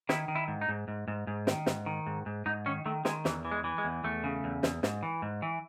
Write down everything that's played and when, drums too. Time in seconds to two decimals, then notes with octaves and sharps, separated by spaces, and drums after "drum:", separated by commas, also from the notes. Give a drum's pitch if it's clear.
0.09 D#3 E4, drum: snare
0.28 D#3
0.35 E4
0.48 G#2
0.61 D#4
0.69 G#2
0.88 G#2
1.08 G#2
1.27 G#2
1.47 D#3, drum: snare
1.66 G#2, drum: snare
1.86 D#3
2.06 G#2
2.26 G#2
2.46 G#2 D#4
2.66 D#3 C#4
2.86 D#3 A3
3.05 D#3 G#3, drum: snare
3.25 E2 E3, drum: snare
3.45 E3
3.52 G#3
3.64 E3
3.78 G#3
3.84 E2
4.04 E2 A3
4.24 C#3
4.44 E2
4.63 E2, drum: snare
4.83 G#2, drum: snare
5.03 E3
5.22 G#2
5.42 E3